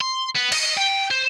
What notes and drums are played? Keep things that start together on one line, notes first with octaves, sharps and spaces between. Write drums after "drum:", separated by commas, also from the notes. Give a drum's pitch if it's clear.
C6
B3
D#5, drum: cymbal
G5
C5